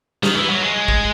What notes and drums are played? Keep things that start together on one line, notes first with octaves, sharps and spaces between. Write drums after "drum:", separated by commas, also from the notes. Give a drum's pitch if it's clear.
D#3, drum: snare
E3
F#3
G#3
drum: kick A1